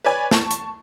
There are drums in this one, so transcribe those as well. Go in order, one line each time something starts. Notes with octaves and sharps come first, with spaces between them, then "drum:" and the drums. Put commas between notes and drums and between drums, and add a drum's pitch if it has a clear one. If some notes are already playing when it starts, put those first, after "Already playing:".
B4 C#5 D5 G#5
A5 C#6, drum: snare
drum: hi-hat